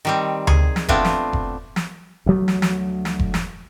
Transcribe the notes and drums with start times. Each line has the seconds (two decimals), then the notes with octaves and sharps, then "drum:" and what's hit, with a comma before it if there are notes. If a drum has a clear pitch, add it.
0.05 D#3 G3 C4
0.47 G#4, drum: tom D2
0.76 drum: snare
0.89 A3 B3 C4 D4 F4, drum: kick F1
1.05 drum: snare
1.33 drum: kick F1
1.76 drum: snare
2.26 D2 F#3 A3
2.48 drum: snare
2.62 drum: snare
3.05 drum: snare
3.19 drum: kick F1
3.34 drum: snare